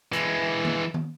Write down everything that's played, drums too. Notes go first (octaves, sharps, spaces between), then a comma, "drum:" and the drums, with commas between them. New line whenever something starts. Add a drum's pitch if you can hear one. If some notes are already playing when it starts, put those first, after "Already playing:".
E3 G#3, drum: hi-hat
drum: tom D#3
drum: tom